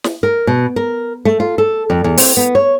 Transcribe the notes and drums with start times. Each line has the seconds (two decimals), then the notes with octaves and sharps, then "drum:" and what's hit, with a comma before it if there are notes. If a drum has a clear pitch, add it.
0.04 drum: snare
0.23 A#4
0.47 B2
0.76 A#4
1.25 A3
1.40 F4
1.58 A4
1.90 F2
2.04 E2
2.17 C4, drum: open hi-hat
2.37 B3
2.55 C#5